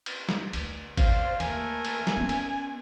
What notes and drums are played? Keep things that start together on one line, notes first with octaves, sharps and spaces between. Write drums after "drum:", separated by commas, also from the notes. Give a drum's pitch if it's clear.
drum: cymbal
drum: snare
D2, drum: cymbal
B2 C5 D5 F5, drum: kick G1, cymbal
D#2 A3 A#4 G#5, drum: cymbal
drum: cymbal
drum: snare
B3 C#4
drum: cymbal